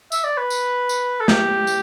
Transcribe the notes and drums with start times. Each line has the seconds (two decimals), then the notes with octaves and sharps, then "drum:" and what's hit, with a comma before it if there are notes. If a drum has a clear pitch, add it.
0.12 E5, drum: tambourine
0.24 D5
0.37 B4
0.50 drum: tambourine
0.89 drum: tambourine
1.20 A4
1.28 G4, drum: snare
1.67 drum: tambourine